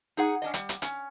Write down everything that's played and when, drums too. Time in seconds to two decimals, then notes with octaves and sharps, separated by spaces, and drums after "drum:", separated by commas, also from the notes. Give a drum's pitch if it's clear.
0.17 D#4 G#4 F#5
0.42 C#4 D4 D#5
0.54 G3, drum: hi-hat
0.69 drum: hi-hat
0.82 C#4, drum: hi-hat